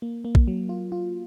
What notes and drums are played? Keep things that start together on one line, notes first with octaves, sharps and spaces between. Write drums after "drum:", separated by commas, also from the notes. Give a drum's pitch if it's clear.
A#3
A#3
drum: kick A#1
F#3
F4
F4